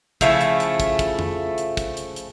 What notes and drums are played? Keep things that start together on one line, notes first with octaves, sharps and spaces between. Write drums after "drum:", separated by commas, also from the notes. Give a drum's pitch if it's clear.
C#3 F3 A3 E4, drum: kick, hi-hat
drum: hi-hat
drum: hi-hat
drum: kick, hi-hat
drum: kick, hi-hat
drum: tom F2
drum: hi-hat
drum: kick, hi-hat
drum: hi-hat
drum: hi-hat